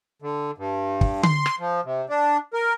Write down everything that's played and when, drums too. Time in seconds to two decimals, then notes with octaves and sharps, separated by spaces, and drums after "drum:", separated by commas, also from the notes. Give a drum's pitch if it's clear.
0.22 D3
0.58 G2
1.01 drum: kick
1.23 C6, drum: tom D3
1.46 drum: rim click
1.59 F3
1.85 C3
2.09 D4
2.54 A#4